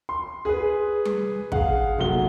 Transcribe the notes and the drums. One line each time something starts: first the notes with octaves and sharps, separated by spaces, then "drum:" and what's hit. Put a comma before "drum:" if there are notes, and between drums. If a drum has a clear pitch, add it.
C6
G#4 B4
drum: tom G3
G#4 F5 F#5, drum: kick
F1 A#2 F#3 F#5 G7